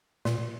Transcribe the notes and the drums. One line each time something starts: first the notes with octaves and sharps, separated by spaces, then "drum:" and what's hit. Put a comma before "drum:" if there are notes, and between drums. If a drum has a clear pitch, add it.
A#2, drum: snare